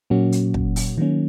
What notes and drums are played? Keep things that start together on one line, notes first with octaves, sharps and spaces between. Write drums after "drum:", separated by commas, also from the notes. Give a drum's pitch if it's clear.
A#2 F#3 A#3 C#4 F#4
drum: hi-hat
drum: kick
drum: open hi-hat
D#3 F#3 A#3 C#4